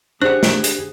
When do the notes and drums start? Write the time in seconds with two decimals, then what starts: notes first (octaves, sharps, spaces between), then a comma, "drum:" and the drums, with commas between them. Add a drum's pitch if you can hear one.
0.22 D4 G4 G#4 C5 F#5 F#6
0.43 drum: snare
0.64 drum: hi-hat